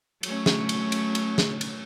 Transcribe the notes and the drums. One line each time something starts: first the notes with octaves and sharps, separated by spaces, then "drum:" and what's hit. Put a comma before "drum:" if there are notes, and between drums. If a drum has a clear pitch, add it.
F#3 A3 C#4, drum: cymbal
drum: snare
drum: cymbal
drum: cymbal
drum: cymbal
drum: snare
drum: cymbal